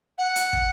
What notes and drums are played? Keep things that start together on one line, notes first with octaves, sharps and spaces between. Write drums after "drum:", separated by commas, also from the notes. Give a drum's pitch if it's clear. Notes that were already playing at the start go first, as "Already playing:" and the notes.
F#5
drum: hi-hat
drum: kick